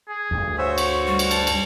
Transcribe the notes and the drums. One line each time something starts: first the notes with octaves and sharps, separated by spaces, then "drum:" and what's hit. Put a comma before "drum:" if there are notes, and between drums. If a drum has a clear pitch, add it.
G#4
D2 G2
F#4 C5 C#5 E5
C#6, drum: cymbal
G3
drum: cymbal
A5, drum: cymbal
drum: cymbal